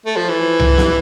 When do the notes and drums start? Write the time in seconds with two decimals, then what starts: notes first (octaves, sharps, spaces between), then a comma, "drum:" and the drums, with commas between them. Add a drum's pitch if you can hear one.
0.06 A3
0.17 F3
0.29 E3
0.60 drum: tom C2
0.78 drum: snare